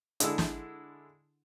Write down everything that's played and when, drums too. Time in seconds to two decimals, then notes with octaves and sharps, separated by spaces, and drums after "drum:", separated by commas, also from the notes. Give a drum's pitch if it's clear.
0.20 D3 G#3 D4 E4 A4, drum: hi-hat
0.38 drum: snare